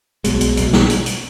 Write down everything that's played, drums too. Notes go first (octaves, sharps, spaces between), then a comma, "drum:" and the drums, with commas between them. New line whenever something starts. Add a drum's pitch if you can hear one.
B1 B2 G#3, drum: hi-hat
drum: hi-hat
B1 B2 G#3, drum: hi-hat
drum: snare
drum: hi-hat
drum: hi-hat